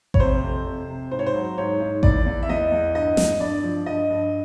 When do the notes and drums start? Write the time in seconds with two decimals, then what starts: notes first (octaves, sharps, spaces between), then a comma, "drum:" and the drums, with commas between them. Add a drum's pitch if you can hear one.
0.14 C#5, drum: kick A1
0.20 C3 C5
0.43 F2
0.65 C3
0.88 C3
1.11 G#2 C5
1.19 C#5
1.27 C5
1.34 F#3
1.58 G#2 C#5
1.80 G#2
2.03 E2 D5, drum: kick A1
2.26 E2
2.43 E5
2.49 E2 D#5
2.72 E2
2.95 G2 D#5
3.17 G2, drum: snare
3.40 G2 D5
3.63 F3
3.86 G2 D#5
4.10 G2